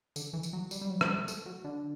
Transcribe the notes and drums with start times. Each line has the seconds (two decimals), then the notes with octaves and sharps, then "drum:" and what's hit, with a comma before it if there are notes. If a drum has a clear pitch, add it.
0.16 D3, drum: tambourine
0.33 E3
0.43 drum: tambourine
0.53 F#3
0.71 G3, drum: tambourine
0.81 G3
0.90 F#3
1.01 A3, drum: rim click
1.08 G3
1.28 A3, drum: tambourine
1.46 F#3
1.64 D3